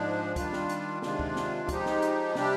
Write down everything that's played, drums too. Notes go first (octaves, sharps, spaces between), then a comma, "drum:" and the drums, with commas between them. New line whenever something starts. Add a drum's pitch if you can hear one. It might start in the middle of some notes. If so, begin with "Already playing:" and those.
Already playing: G#2 F3 G#3 D4
D#3 G3 D4 F4, drum: kick, hi-hat
drum: snare
drum: hi-hat
C3 D#3 G#3 D4 F4, drum: snare
drum: kick
drum: snare
F3 G#3 D#4 G4, drum: kick, hi-hat
drum: snare
drum: hi-hat
C3 G3 D4 G4, drum: snare